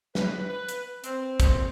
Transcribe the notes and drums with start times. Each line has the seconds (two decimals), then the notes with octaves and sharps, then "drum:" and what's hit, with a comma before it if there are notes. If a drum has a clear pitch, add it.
0.15 B4, drum: snare
0.47 B4
0.69 drum: hi-hat
1.04 C4, drum: hi-hat
1.40 drum: kick, hi-hat